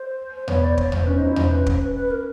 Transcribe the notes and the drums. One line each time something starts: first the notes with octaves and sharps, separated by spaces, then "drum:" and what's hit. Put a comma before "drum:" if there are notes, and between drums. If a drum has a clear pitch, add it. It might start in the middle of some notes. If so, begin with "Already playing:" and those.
Already playing: C5
C5
B3 C#5, drum: tom E2
D5
C5
C#5, drum: kick
C5, drum: tom E2
C#4 B4
D#4 C5
E4
D#4 C5, drum: tom E2
C#4 B4
drum: kick
C5
B4
B4
A#4